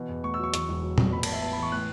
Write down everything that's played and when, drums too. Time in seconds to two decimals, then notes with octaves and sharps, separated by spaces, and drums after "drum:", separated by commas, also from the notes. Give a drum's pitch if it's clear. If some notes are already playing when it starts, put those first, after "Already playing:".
Already playing: B2 E3
0.09 E2
0.23 A3 C#6
0.34 E6
0.39 F#3 C#6
0.54 E2 C#6, drum: hi-hat
0.69 E1
0.83 F#3
0.98 B2, drum: tom
1.12 A2 B5
1.23 A5, drum: cymbal
1.27 A1
1.33 E5
1.42 B3 A5
1.52 B5
1.57 E3
1.63 C#6
1.72 A2 F#6